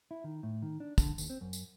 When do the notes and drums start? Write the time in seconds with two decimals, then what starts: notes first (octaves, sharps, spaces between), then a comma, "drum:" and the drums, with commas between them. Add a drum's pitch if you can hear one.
0.11 E4
0.24 D#3
0.43 A2
0.62 D#3
0.80 D4
0.98 D3, drum: kick, tambourine
1.18 D#2, drum: tambourine
1.30 C4
1.41 F#2
1.53 drum: tambourine